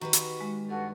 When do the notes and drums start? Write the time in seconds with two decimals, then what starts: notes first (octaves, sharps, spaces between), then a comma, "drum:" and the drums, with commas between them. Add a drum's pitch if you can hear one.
0.01 D#3 F#4 G4 B4 A#5
0.13 drum: hi-hat
0.41 G#3
0.67 G2 F#4 A4